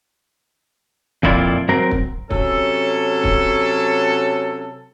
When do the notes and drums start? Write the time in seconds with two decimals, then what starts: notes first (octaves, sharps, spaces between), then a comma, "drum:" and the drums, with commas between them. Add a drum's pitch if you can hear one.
1.23 F2 A#2 E4 F4 D5, drum: kick
1.69 F#3 C4 A#4
1.91 drum: kick
2.30 C3 F#3 C#4 A4, drum: kick
3.24 drum: kick